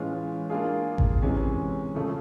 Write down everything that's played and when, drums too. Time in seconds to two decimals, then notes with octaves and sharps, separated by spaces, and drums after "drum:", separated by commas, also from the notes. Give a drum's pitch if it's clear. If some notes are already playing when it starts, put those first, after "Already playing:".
Already playing: A2 E3 G#3 C#4 F4
0.50 A#3 D4 F4 G#4
0.98 drum: kick A1
1.22 C3 E3 G#3 C#4
1.95 C#3 F3 A3